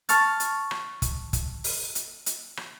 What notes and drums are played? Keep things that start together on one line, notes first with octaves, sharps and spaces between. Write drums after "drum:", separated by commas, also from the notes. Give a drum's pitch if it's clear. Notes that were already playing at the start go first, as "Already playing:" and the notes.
A5 C#6 F6 A6, drum: hi-hat
drum: hi-hat
drum: rim click
drum: kick, hi-hat
drum: kick, hi-hat
drum: open hi-hat
drum: hi-hat
drum: hi-hat
drum: rim click